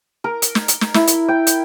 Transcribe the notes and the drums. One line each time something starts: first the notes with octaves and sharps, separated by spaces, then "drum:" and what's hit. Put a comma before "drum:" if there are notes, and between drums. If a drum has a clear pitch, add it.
A#4
drum: hi-hat
drum: snare
drum: hi-hat
drum: snare
E4, drum: snare
drum: hi-hat
G5
drum: hi-hat